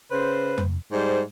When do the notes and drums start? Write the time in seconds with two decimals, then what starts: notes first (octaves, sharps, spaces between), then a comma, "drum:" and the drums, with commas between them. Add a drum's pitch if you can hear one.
0.11 C#3 B4 C5
0.58 drum: tom F2
0.92 G#2 G3 C5